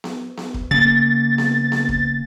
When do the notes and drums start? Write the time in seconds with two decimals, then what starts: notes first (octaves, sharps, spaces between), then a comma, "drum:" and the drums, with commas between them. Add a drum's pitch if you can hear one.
0.04 drum: snare B3
0.37 drum: snare B3
0.54 drum: kick
0.71 C#3 A#3 A6
1.38 drum: snare B3
1.72 drum: snare B3
1.89 drum: kick